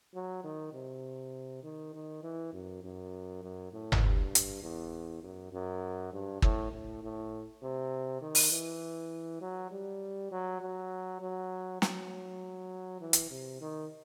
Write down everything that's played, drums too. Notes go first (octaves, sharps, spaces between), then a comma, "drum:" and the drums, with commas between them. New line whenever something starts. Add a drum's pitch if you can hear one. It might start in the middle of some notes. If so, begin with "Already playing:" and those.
F#3
D#3
C3
D#3
D#3
E3
F#2
F#2
F#2
A2
drum: tom G1
G2
drum: hi-hat
E2
F#2
F#2
G2
A2, drum: kick
A2
A2
C3
D#3
drum: open hi-hat
E3
F#3
G3
F#3
F#3
F#3
F#3, drum: snare
E3
drum: hi-hat
C3
D#3